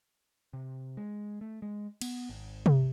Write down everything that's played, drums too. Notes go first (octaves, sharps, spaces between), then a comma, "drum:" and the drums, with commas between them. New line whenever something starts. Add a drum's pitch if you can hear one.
C3
G#3
A3
G#3
B3, drum: cymbal
G#1
drum: tom C3